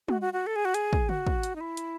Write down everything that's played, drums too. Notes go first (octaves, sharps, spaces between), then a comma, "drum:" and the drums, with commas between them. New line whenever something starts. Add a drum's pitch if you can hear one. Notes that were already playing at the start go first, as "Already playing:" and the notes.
F#4, drum: tom
F#4
F#4
A4
G#4
F#4
G#4, drum: hi-hat
drum: kick
F#4, drum: tom C#3
drum: kick
drum: hi-hat
D#4
E4
drum: hi-hat